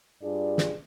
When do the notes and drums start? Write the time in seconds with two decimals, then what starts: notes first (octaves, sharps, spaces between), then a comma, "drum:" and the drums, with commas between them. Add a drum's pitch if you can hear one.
0.22 G2 D4 F4 G#4 D5
0.58 drum: snare